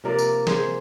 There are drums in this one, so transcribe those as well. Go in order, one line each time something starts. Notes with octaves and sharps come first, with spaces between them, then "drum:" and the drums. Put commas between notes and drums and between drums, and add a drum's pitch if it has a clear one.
C3 F3 A#3 A#4 D5
drum: tambourine
G#4 C5, drum: snare